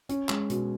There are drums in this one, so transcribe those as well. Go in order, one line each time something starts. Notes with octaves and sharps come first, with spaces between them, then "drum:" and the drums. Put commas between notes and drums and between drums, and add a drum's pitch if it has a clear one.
C#4, drum: hi-hat
G#3, drum: clap
B2, drum: hi-hat